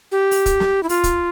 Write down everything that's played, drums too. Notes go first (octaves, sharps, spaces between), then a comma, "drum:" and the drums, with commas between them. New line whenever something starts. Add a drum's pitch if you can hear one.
G4
drum: open hi-hat
drum: kick, hi-hat
drum: snare
E4
F4, drum: open hi-hat
drum: kick, hi-hat